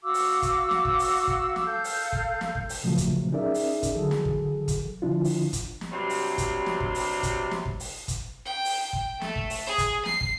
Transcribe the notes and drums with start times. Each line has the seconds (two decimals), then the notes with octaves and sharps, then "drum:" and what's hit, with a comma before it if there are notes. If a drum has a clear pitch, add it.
0.03 F#4 F5 D6 E6
0.14 drum: open hi-hat
0.42 drum: kick, hi-hat
0.71 drum: snare
0.85 drum: kick
0.99 drum: open hi-hat
1.27 drum: kick
1.56 drum: snare
1.65 A4 F5 G6
1.84 drum: open hi-hat
2.13 drum: kick
2.41 drum: snare
2.55 drum: kick
2.69 drum: open hi-hat
2.83 A#2 C#3 F3 F#3 A3
2.98 drum: kick, hi-hat
3.32 C#4 D#4 G#4 A#4 D5 E5
3.54 drum: open hi-hat
3.83 drum: kick, hi-hat
3.95 D3 E3 F#3 G#4 A4
4.11 drum: snare
4.25 drum: kick
4.68 drum: kick, hi-hat
5.02 D3 F3 D4 E4 F4
5.24 drum: open hi-hat
5.53 drum: kick, hi-hat
5.81 drum: snare
5.91 G2 C3 F#3 G3 C4 C6
6.10 drum: open hi-hat
6.38 drum: kick, hi-hat
6.66 drum: snare
6.80 drum: kick
6.95 drum: open hi-hat
7.23 drum: kick, hi-hat
7.51 drum: snare
7.66 drum: kick
7.80 drum: open hi-hat
8.08 drum: kick, hi-hat
8.45 G5
8.65 drum: open hi-hat
8.83 G5
8.93 drum: kick
9.21 A3, drum: snare
9.36 drum: kick
9.50 drum: open hi-hat
9.66 G#4
9.78 drum: kick, hi-hat
10.06 C7, drum: snare
10.21 drum: kick